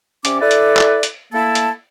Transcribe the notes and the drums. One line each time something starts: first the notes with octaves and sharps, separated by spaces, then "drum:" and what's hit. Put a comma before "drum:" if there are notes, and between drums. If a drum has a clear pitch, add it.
C3 C#4 D5 D6, drum: hi-hat
E4 A4 B4 D5
drum: hi-hat
drum: clap
drum: hi-hat
A3 A#3 E4 A4 A5
drum: hi-hat